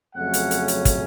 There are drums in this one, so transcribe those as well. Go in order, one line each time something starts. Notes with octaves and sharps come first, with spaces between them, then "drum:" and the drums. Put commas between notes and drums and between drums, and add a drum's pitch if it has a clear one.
F2 C#3 F#3 A3 C#4 F#5
drum: hi-hat
drum: hi-hat
drum: hi-hat
drum: kick, hi-hat